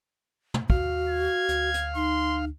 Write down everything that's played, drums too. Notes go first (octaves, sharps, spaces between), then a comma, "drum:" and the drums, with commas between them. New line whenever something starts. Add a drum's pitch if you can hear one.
drum: tom
D#2 F#4 F5, drum: kick
G#6
D2, drum: hi-hat
drum: hi-hat
D#4 C6